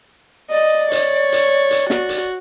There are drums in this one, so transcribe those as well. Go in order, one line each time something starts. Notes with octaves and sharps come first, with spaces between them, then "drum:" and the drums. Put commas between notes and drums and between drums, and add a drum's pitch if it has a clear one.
D5 D#5
C#5, drum: hi-hat
drum: hi-hat
drum: hi-hat
F#4, drum: snare
drum: hi-hat